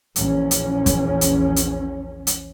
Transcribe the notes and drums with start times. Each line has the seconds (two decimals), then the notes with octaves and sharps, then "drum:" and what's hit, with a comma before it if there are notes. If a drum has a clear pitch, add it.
0.16 A#1 E2 C#4, drum: hi-hat
0.51 drum: hi-hat
0.86 drum: kick, hi-hat
1.21 drum: hi-hat
1.56 drum: hi-hat
2.27 drum: hi-hat